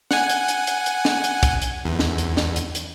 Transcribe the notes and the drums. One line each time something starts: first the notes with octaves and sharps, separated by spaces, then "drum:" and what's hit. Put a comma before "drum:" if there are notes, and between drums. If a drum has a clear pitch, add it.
F#5 G#5, drum: snare
drum: hi-hat
drum: hi-hat
drum: hi-hat
drum: hi-hat
drum: snare
drum: hi-hat
drum: kick, hi-hat
drum: hi-hat
E2
drum: snare
drum: hi-hat
drum: snare
drum: hi-hat
drum: hi-hat